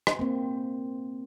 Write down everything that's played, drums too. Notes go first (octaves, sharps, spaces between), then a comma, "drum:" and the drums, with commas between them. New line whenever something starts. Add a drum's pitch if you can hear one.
drum: rim click
A#3 C4